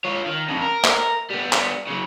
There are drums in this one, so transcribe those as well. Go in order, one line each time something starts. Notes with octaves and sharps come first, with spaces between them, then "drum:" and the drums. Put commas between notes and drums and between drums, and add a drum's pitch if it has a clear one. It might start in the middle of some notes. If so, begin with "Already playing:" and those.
F4 C#5
D#3
F2 C#3
A#4
drum: clap
G3 B3
drum: clap
C#3 F#3